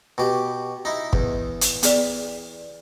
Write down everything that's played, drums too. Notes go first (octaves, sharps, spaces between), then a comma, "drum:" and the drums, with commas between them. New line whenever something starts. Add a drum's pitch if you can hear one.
B2 G4
D#4 E4
E2, drum: kick G1
drum: hi-hat
B3 G#4 D5, drum: hi-hat